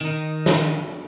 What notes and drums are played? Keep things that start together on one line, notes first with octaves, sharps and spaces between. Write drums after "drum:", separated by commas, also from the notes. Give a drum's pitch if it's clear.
D#3 D#4
drum: snare